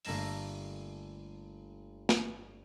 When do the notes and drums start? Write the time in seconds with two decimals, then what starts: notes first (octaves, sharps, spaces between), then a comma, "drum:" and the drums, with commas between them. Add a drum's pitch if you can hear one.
0.05 G1 A3 A#3 A#6 E7, drum: open hi-hat
2.09 drum: snare